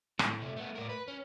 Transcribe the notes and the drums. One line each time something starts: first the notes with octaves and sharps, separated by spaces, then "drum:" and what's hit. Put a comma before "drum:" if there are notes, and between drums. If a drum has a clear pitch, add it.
A2, drum: rim click
C3 A3
A3 B3
A2 A#4
B4
C#4